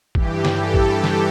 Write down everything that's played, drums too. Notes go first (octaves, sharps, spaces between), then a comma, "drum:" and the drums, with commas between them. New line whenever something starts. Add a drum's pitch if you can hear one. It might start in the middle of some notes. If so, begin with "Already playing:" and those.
G2 E3 G4, drum: kick
drum: snare
A4
drum: kick
drum: snare